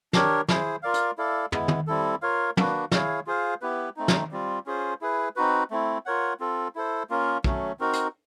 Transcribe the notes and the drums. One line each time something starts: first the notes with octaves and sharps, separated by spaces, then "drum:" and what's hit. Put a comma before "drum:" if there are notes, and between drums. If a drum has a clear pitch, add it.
D4 G4 A#4 C#5, drum: snare
E4 G#4 C5, drum: snare
F4 A#4 D5 F5
drum: hi-hat
E4 A4 D5 F5
G#3 B3 E4, drum: tom
drum: tom
G3 C4 E4 A4
F4 A#4 C#5 F5
A#3 D4 F#4 B4, drum: tom
E4 G#4 C#5 F5, drum: snare
F4 G#4 C5 F5
B3 E4 G4 B4
A3 C4 D#4
drum: snare
G3 C4 F4
C#4 F4 G#4 C5
E4 G#4 B4
C4 D#4 F#4 B4
A3 C4 E4
F4 A#4 C#5 F#5
C4 F4 A4
E4 A4 C5
A#3 C#4 F4 A#4
F#3 A3 C#4, drum: kick
C4 D#4 F#4 A#4
drum: hi-hat